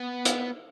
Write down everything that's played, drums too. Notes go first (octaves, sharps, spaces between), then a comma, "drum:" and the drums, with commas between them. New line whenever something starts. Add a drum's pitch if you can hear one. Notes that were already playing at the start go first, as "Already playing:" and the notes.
Already playing: B3
drum: hi-hat